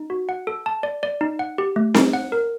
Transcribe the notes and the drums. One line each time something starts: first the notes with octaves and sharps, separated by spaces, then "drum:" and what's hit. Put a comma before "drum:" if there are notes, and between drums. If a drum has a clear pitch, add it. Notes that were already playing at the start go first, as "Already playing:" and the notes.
Already playing: D#4
F#4
F#5
A4
A5
D5
D5
D#4
F#5
G4
A3
D#4, drum: snare C4
F#5
A#4